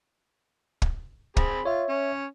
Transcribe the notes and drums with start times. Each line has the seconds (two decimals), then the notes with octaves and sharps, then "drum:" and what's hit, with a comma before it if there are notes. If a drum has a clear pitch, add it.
0.82 drum: kick
1.37 C4 G#4 B5, drum: kick
1.65 F4 C#5 E5
1.89 C#4